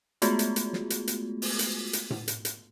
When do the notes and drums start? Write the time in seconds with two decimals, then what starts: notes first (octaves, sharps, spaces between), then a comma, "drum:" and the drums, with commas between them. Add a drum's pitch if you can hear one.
0.22 G#3 A3 B3 F4 F#4 G#4, drum: hi-hat
0.39 drum: hi-hat
0.56 drum: hi-hat
0.73 drum: snare
0.90 drum: hi-hat
1.07 drum: hi-hat
1.42 drum: open hi-hat
1.59 drum: hi-hat
1.93 drum: hi-hat
2.10 drum: tom A2
2.28 drum: hi-hat
2.45 drum: hi-hat